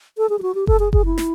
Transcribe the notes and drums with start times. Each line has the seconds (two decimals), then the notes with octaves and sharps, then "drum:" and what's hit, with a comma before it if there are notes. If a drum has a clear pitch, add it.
0.18 A4
0.29 G#4
0.39 G4
0.42 F#4
0.55 G4
0.67 A4, drum: kick F#1
0.79 G#4
0.93 G#4, drum: kick F#1
1.05 E4
1.18 drum: snare